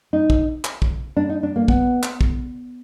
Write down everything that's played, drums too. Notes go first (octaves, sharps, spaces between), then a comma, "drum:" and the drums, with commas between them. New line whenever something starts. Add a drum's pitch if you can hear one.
D#4
drum: kick
drum: clap
drum: kick
D4
D#4
D4
A#3
B3, drum: kick
drum: clap
drum: kick